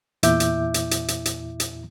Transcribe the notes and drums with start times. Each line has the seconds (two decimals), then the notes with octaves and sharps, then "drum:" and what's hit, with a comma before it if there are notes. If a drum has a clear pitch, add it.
0.23 E2 A#2 E4 E5 D6 G6, drum: hi-hat
0.40 drum: hi-hat
0.74 drum: hi-hat
0.91 drum: hi-hat
1.08 drum: hi-hat
1.25 drum: hi-hat
1.60 drum: hi-hat